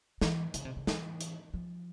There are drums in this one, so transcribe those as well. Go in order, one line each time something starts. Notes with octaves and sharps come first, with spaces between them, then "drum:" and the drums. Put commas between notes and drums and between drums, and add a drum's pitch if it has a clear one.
E3, drum: snare
C#3, drum: hi-hat
C3
C#3
E3, drum: snare
drum: hi-hat
F3